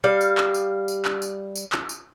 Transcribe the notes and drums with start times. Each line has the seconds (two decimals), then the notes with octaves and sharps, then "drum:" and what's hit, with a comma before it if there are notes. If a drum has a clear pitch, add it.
0.04 G3 F5
0.21 drum: tambourine
0.38 drum: clap
0.54 drum: tambourine
0.88 drum: tambourine
1.05 drum: clap
1.22 drum: tambourine
1.55 drum: tambourine
1.72 drum: clap
1.89 drum: tambourine